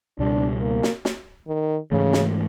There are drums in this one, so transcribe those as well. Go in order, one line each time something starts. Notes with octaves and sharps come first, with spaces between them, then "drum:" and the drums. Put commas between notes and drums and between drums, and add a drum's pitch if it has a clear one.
C#2 B2 G3 D4
A#3
drum: snare
drum: snare
D#3
G#2 C#3 E3 A3
drum: snare